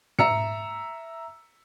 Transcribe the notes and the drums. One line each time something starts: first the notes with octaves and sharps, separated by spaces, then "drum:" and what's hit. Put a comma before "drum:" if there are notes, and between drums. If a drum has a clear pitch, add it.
E5 A#5 E6 C#7, drum: tom